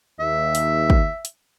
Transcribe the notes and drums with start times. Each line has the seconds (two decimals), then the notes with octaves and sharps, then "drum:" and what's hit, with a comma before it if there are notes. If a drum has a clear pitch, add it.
0.20 D#2 E5
0.55 drum: hi-hat
0.90 drum: kick
1.25 drum: hi-hat